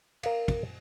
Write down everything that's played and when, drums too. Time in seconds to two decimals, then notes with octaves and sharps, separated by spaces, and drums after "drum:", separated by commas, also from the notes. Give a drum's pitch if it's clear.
0.23 A#4 F5, drum: cymbal
0.48 drum: kick, cymbal